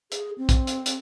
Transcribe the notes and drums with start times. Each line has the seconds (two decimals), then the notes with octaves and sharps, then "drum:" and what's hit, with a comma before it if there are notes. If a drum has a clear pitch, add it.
0.12 G#4, drum: hi-hat
0.38 C4
0.49 drum: kick, hi-hat
0.67 drum: hi-hat
0.86 drum: hi-hat